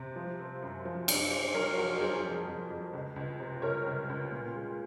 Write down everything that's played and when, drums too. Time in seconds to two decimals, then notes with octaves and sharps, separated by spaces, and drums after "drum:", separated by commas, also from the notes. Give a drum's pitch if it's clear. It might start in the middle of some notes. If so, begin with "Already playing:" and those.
Already playing: C3
0.16 F3
0.39 C4
0.62 F#2
0.85 F3
1.08 F#2, drum: cymbal
1.31 C4
1.54 F#3 A#4 C#5
1.78 F2 F#4 A#4
2.01 F#3 G#4 C5
2.24 F2
2.48 F2
2.70 F2
2.94 C#2
3.16 C#2
3.40 C3
3.62 C#2 A#4 C#5
3.86 C#2
4.09 C#2
4.32 A#2
4.55 G#3